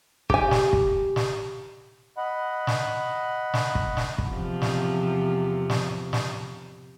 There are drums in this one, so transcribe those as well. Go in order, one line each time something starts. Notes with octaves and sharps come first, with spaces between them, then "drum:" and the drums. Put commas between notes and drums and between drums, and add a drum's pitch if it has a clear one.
G4 G#5, drum: kick
drum: snare
drum: kick
drum: snare
D#5 F#5 B5
drum: snare
drum: snare
drum: kick
drum: snare
drum: kick
E2 C3 F3
drum: snare
drum: snare
drum: snare